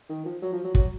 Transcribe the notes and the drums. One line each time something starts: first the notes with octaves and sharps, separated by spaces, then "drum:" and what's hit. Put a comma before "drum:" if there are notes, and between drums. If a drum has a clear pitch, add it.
D#3
F3
F#3
F3
F#3
F#3, drum: kick